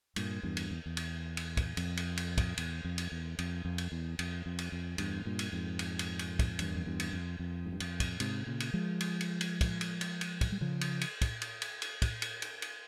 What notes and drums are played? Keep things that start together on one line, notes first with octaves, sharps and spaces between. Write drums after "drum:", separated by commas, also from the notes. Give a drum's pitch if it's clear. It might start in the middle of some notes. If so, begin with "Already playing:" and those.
G2 A#2, drum: cymbal
E2 G2
drum: cymbal
E2
E2
drum: cymbal
drum: cymbal
drum: kick, cymbal
F2, drum: cymbal
drum: cymbal
drum: cymbal
drum: kick, cymbal
E2, drum: cymbal
F2
drum: cymbal
E2
F2, drum: cymbal
F2
drum: cymbal
E2
F2, drum: cymbal
F2
drum: cymbal
F2
E2 G2, drum: cymbal
G2 A#2
drum: cymbal
F2 G#2
drum: cymbal
drum: cymbal
drum: cymbal
drum: kick, cymbal
E2 G2, drum: cymbal
F2
E2 G2
drum: cymbal
F2
F2
G#2
G2
F2, drum: cymbal
drum: kick, cymbal
G#2 C3, drum: cymbal
A#2 C#3
drum: cymbal
F3 G#3
drum: cymbal
drum: cymbal
drum: cymbal
drum: kick, cymbal
drum: cymbal
drum: cymbal
drum: cymbal
drum: kick, cymbal
G3
C#3 F3
drum: cymbal
drum: cymbal
drum: kick, cymbal
drum: cymbal
drum: cymbal
drum: cymbal
drum: kick, cymbal
drum: cymbal
drum: cymbal
drum: cymbal